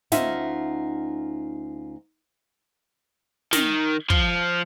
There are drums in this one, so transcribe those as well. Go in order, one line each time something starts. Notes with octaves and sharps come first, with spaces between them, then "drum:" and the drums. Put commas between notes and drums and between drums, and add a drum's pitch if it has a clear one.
D2 C#4 D#4 F4 E5 F#5, drum: snare
D#3, drum: snare
F3, drum: kick